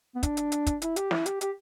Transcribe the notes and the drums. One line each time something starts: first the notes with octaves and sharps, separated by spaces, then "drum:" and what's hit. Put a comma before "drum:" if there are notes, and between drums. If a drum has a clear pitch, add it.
B3
D4, drum: kick, hi-hat
drum: hi-hat
drum: hi-hat
drum: kick, hi-hat
E4, drum: hi-hat
G4, drum: hi-hat
E4, drum: snare
G4, drum: hi-hat
G4, drum: hi-hat